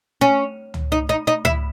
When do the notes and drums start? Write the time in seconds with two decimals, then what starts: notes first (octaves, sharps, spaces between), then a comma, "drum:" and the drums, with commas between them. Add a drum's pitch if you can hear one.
0.21 C#4
0.74 drum: tom C#2
0.92 D#4
1.09 D#4
1.27 D#4
1.45 E4, drum: tom C#2